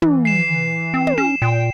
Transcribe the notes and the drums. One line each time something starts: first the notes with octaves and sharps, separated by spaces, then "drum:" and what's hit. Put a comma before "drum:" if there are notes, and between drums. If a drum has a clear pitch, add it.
E3, drum: tom
C7 E7
C4
drum: tom
C#4 E7
A#2 G5